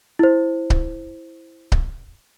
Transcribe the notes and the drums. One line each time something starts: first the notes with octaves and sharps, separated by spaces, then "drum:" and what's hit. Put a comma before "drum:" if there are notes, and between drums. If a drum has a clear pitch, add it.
E4 C5
drum: kick C#1
drum: kick C#1